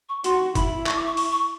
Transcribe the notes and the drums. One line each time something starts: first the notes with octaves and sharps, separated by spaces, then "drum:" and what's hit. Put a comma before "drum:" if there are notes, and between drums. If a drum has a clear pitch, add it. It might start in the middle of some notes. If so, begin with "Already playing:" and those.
C#6
F#4 C6, drum: hi-hat
E4 B5, drum: kick F#1, hi-hat
C#6, drum: clap
D6
C#6
C#6, drum: open hi-hat
C#6